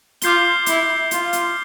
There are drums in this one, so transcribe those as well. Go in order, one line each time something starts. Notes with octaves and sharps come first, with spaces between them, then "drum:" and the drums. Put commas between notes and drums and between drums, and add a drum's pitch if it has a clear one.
F4 D6 G6 C7 G7, drum: hi-hat
E4, drum: hi-hat
F4, drum: hi-hat
drum: hi-hat